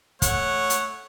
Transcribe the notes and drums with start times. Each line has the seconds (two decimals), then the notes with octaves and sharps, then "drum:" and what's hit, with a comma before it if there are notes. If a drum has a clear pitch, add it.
0.22 A3 C#5 F#5, drum: kick, hi-hat
0.70 drum: hi-hat